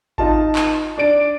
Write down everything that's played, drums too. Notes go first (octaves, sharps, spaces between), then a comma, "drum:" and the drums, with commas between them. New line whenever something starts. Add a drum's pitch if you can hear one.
D#4 F4 A5, drum: kick G#1
drum: clap
D4 D5 D7